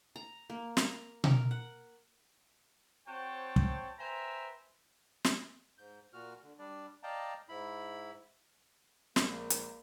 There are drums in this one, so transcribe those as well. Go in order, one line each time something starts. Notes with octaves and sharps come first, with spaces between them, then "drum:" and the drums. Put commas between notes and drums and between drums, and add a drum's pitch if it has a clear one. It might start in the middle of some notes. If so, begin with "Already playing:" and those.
A#5
A#3
A#5, drum: snare
A#4, drum: tom B2
F#5
C4 F#4 C5 C#5 G5 A5
drum: kick
B4 C5 E5 G5 G#5 A#5
drum: snare
G#2 G6
A#2 F#4 F6
D3
G3 D4 D5
D5 D#5 F5 G5 A5 A#5
G#2 E4 B5
A#1 G#3 A#3 D6, drum: snare
drum: hi-hat